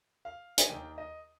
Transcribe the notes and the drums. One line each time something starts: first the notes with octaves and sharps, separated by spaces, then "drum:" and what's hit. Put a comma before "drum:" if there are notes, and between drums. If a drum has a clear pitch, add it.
F5
G#5, drum: hi-hat
D#2 D#3 G5
D#5